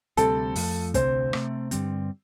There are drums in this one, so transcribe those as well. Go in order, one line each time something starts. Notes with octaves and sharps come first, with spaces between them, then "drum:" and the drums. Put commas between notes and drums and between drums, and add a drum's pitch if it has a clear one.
D2 C3 G3 C4 A4, drum: hi-hat
F2 F3 A3, drum: open hi-hat
D2 C3 A3 C4 C5, drum: kick, hi-hat
C3 A3 C4, drum: rim click
G2 D3 G3 C4, drum: hi-hat